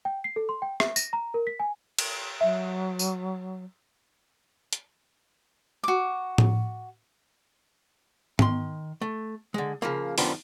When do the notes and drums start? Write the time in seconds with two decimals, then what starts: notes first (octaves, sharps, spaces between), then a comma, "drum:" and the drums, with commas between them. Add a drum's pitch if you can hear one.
0.05 G5
0.24 C7
0.36 A4
0.49 C6
0.62 G5
0.80 E5, drum: rim click
0.96 A#6, drum: tambourine
1.13 A#5
1.34 A#4
1.47 B6
1.60 G#5
1.98 drum: cymbal
2.41 F#3 E5
2.99 drum: tambourine
4.73 drum: hi-hat
5.84 F#4 D6
6.38 drum: tom A2
8.39 D#3 C6, drum: tom
9.01 A3
9.54 D3 G#3
9.82 C#3 F3 A#3
10.18 F#2 D#3 F3 G3 B3 D4, drum: open hi-hat